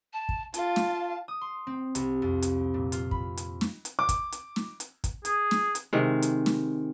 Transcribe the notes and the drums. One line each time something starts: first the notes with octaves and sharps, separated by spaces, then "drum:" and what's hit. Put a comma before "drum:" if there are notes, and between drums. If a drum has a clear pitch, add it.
A5
drum: kick
F4 F5 A5, drum: hi-hat
drum: snare
D#6
C6
C4
C2, drum: hi-hat
F2
drum: hi-hat
A#2
F4, drum: hi-hat
B5, drum: kick
drum: hi-hat
drum: snare
drum: hi-hat
D6
drum: kick, hi-hat
drum: hi-hat
drum: snare
drum: hi-hat
drum: kick, hi-hat
G#4, drum: hi-hat
drum: snare
drum: hi-hat
C3 D#3 G#3
drum: hi-hat
drum: snare